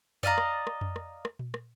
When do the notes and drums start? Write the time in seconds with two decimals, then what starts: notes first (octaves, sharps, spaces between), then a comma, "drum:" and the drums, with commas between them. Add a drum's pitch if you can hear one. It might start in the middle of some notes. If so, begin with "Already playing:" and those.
0.23 D5 D#5 F5 A#5, drum: tom F2
0.38 drum: rim click
0.67 drum: rim click
0.81 drum: tom F2
0.96 drum: rim click
1.25 drum: rim click
1.39 drum: tom A#2
1.54 drum: rim click